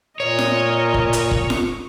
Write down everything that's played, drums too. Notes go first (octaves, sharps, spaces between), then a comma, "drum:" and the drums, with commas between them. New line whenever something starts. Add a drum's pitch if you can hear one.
A#2 A#4 C#5 D#5
drum: snare F4
drum: kick
drum: hi-hat
drum: kick
drum: snare F4